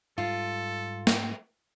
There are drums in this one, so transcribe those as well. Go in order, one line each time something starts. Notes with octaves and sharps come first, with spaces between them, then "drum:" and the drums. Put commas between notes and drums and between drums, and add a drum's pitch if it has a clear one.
G#2 G3 F4 A4
drum: snare